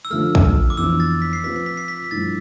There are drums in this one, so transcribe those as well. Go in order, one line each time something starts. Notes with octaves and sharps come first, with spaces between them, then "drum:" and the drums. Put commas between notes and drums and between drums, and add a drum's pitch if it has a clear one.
E6
D3 F3 A3 F6
drum: kick A#1
D6
F2 E3 B3 D4 E6
A6
B6
C7
F3 C4 F4 B4 B6
C7
B6
C7
B6
B6
G2 F3 A3 E4 A6